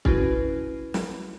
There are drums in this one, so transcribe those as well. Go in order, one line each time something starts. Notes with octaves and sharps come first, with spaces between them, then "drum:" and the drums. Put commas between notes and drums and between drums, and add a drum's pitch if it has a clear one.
C#4 E4 F#4 B4, drum: kick
drum: snare